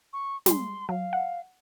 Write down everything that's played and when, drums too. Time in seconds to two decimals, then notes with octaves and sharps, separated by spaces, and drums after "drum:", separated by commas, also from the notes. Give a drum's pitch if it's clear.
0.13 C#6
0.46 G3 G#3 C6, drum: snare
0.89 F#3 F5
1.13 F#5